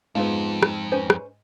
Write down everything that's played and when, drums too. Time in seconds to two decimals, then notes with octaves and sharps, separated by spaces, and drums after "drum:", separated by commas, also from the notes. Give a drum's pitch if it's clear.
0.15 F2 G#2 B3 F4 F5
0.63 drum: rim click
0.92 C#4 B4 C5
1.10 drum: rim click